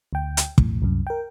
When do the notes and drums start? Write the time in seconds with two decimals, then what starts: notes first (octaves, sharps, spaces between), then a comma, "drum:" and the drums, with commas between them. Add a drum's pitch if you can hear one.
0.13 D2 G5
0.37 drum: hi-hat
0.58 B1 E2 A2, drum: kick
0.82 C2 F#2
1.07 A#4 G5